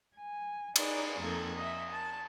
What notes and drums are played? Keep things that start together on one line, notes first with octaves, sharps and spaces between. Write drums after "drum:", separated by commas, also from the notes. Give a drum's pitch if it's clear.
G#5
D#4 G#4 B4 D5, drum: cymbal
F2 A#3 D#4 A4 G#6
D#5 E5
A5